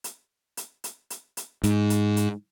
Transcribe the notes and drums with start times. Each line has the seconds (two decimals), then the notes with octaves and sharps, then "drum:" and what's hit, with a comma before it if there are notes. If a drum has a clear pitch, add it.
0.04 drum: hi-hat
0.57 drum: hi-hat
0.84 drum: hi-hat
1.10 drum: hi-hat
1.37 drum: hi-hat
1.64 G#2, drum: hi-hat
1.90 drum: hi-hat
2.17 drum: hi-hat